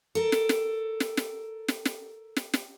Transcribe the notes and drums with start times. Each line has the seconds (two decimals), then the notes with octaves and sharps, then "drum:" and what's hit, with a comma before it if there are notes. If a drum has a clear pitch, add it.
0.15 A4 A#4
0.32 drum: snare
0.49 drum: snare
1.00 drum: snare
1.17 drum: snare
1.68 drum: snare
1.85 drum: snare
2.37 drum: snare
2.54 drum: snare